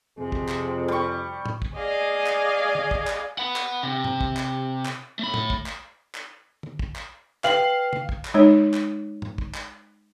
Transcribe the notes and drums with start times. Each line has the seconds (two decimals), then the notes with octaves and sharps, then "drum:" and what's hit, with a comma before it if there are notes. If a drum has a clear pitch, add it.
0.19 F2 C3 G#4
0.32 drum: kick
0.48 drum: clap
0.88 G3 C#6
1.46 drum: tom
1.62 drum: kick
1.74 G#4 D5 D#5 F5 G#5
2.26 drum: clap
2.75 drum: tom
2.91 drum: kick
3.07 drum: clap
3.39 F#5 B5
3.56 drum: clap
3.83 C3
4.04 drum: tom
4.21 drum: kick
4.37 drum: clap
4.85 drum: clap
5.19 A3 B5
5.34 drum: tom
5.50 drum: kick
5.66 drum: clap
6.15 drum: clap
6.63 drum: tom
6.79 drum: kick
6.96 drum: clap
7.44 B4 F5 G5 C7 F#7, drum: clap
7.93 drum: tom
8.09 drum: kick
8.25 drum: clap
8.34 G#3 D#4 C#5
8.74 drum: clap
9.22 drum: tom
9.38 drum: kick
9.54 drum: clap